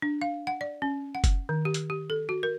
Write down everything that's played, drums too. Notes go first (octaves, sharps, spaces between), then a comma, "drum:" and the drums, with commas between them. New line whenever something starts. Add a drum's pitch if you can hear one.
D4
F5
F#5
D5
C#4
F#5
drum: kick F#1, hi-hat
D#3
G4
drum: hi-hat
G4
A4
F#4
A#4